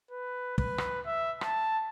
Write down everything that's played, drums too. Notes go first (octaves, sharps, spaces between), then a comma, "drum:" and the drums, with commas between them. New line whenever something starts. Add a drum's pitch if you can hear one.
B4
B4, drum: kick
drum: rim click
E5
A5, drum: rim click